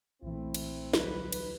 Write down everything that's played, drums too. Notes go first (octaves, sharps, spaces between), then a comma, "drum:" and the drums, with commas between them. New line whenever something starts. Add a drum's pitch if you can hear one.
B1 A#2 E3 A3 C4 E4
drum: cymbal
D2 F#3 G3 D#4 B4, drum: snare
drum: cymbal